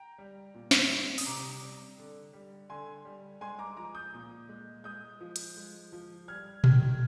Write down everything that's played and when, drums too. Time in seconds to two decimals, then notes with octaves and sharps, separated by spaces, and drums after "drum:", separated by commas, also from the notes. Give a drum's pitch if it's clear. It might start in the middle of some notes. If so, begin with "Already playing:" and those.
Already playing: G5 A#5
0.18 G3
0.54 A#2
0.71 drum: snare
0.91 G3
1.18 D#6, drum: open hi-hat
1.25 C3 A#5 D6
1.61 G3
1.98 D3
2.33 G3
2.69 D3 G#5 C6
3.05 G3
3.41 G#3 G#5 C6
3.59 A#5 D6
3.77 F3 A#5 D6
3.95 D#6 G6
4.14 A#2
4.49 G#3
4.84 G#3 D#6 G6
5.20 F3
5.36 drum: hi-hat
5.56 G#3
5.92 F3
6.28 G3 F6 G#6
6.64 D#3 F6 G#6, drum: tom A#2